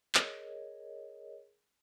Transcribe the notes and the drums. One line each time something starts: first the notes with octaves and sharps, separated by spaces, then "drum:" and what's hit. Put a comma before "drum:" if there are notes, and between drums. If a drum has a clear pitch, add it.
G#4 A#4 C#5 D#5, drum: clap